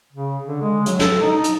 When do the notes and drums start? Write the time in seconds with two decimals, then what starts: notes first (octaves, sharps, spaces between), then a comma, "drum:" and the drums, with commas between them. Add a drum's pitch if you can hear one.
0.13 C#3
0.47 D3
0.62 G#3
0.86 F#3, drum: hi-hat
0.99 A4, drum: snare
1.21 D#4
1.44 drum: hi-hat